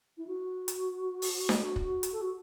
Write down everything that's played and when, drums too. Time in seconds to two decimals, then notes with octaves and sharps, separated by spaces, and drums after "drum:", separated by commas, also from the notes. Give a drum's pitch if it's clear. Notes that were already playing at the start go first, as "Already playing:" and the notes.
0.17 E4
0.27 F#4
0.68 drum: hi-hat
1.22 drum: open hi-hat
1.49 drum: snare D4
1.76 drum: kick
2.03 drum: hi-hat
2.13 A4
2.21 F#4